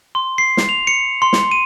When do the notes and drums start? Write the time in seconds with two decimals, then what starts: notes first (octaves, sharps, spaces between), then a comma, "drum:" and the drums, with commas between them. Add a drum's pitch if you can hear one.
0.15 C6
0.38 C7
0.57 drum: snare
0.69 F7
0.87 C#7
1.22 C6
1.33 drum: snare
1.51 D#7